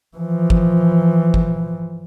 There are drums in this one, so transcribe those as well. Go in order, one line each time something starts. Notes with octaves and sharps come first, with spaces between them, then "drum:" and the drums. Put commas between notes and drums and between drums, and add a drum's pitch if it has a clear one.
E3 F3
drum: kick G1
drum: kick G1